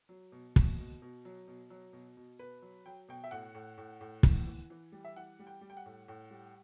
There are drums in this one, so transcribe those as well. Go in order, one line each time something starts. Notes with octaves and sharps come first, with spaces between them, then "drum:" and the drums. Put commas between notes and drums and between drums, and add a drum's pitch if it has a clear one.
F#3
B2
B2, drum: kick
B2
B2
F#3
B2
F#3
B2
B2
B2 B4
F#3
F#3 G5
B2 G5
E5
A2 F#5
A2
A2
A2
E3, drum: kick
E3
E3
G3
E5
E3 F#5
G3
G5
G3
G5
F#5
A2
A2
G3